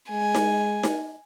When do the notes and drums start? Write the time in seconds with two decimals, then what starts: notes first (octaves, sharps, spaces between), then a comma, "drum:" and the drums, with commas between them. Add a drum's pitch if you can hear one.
0.10 G#3 G#5
0.35 drum: snare D#4
0.83 drum: snare D#4